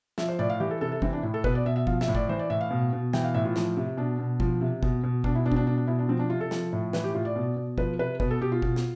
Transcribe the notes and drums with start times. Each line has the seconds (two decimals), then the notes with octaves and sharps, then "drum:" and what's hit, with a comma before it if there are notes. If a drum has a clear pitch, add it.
0.18 F3 E5, drum: snare
0.29 C5
0.39 A2 D5
0.50 F5
0.60 E3 G4
0.71 A4
0.81 C3 A4
0.92 A4
1.02 E3 C4, drum: kick
1.13 D4
1.23 A2 E4
1.34 A4
1.44 B2 B4, drum: kick
1.55 D5
1.65 B2 E5
1.76 E5
1.87 F3 F5, drum: kick
2.01 E5, drum: snare
2.08 A2
2.15 D5, drum: kick
2.29 E3 C5
2.39 D5
2.50 A2 E5
2.61 F5
2.71 B2
2.93 B2
3.13 E3 G5, drum: snare
3.24 F5
3.34 A2 E5
3.45 F4
3.56 F3, drum: snare
3.77 C3
3.97 B2 D4
4.19 B2
4.40 F3, drum: kick
4.61 C3
4.83 B2, drum: kick
5.04 B2
5.24 B2 D4, drum: kick
5.35 E4
5.46 B2 D4
5.52 C4, drum: kick
5.56 D4
5.67 B2 D4
5.78 D4
5.87 B2 E4
5.99 D4
6.09 F3 C4
6.19 D4
6.30 C3 F4
6.41 A4
6.51 F3, drum: snare
6.73 A2
6.93 E3 B4, drum: snare
7.04 G4
7.15 A2 F4
7.25 D5
7.36 B2
7.56 B2
7.78 F3 B4, drum: kick
7.99 C3 B4
8.20 B2 B4, drum: kick
8.31 A4
8.41 B2 G4
8.52 F4
8.62 B2, drum: kick
8.76 drum: snare